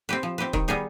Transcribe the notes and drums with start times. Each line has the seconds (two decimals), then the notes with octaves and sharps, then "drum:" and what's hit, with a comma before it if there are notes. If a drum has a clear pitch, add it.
0.09 C4 G4 B4
0.23 F3
0.38 C4 G4 B4
0.53 D#3, drum: kick
0.68 G3 B3 D#4 G#4